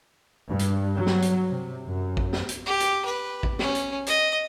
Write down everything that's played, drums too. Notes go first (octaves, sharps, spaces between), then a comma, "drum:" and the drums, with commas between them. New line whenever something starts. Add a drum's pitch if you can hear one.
G2
drum: hi-hat
F#3
drum: snare
drum: hi-hat
C3
F#2
drum: kick
drum: snare
drum: hi-hat
G4
drum: hi-hat
B4
drum: kick
C#4, drum: snare
drum: hi-hat
D#5, drum: hi-hat